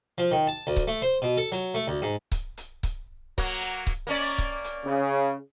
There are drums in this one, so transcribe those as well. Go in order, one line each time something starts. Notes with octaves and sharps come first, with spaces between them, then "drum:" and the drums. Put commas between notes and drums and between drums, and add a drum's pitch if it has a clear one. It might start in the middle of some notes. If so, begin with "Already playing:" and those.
F3
D#3
A5
D2
drum: kick C#1, hi-hat
A3
C5
B2
A4
F#3, drum: hi-hat
A3
D2
G#2
drum: kick C#1, hi-hat
drum: hi-hat
drum: kick C#1, hi-hat
F#3 A#3, drum: kick C#1
drum: hi-hat
drum: kick C#1, hi-hat
A#3 C#4 D5
drum: kick C#1, hi-hat
drum: hi-hat
C#3